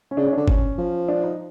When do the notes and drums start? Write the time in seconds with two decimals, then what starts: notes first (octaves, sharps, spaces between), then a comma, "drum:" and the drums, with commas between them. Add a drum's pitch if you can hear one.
0.11 C#4
0.17 C#3 D4
0.26 C#4
0.33 D3 D4
0.48 C#4, drum: kick F#1
0.78 F3
1.08 D4
1.24 D#4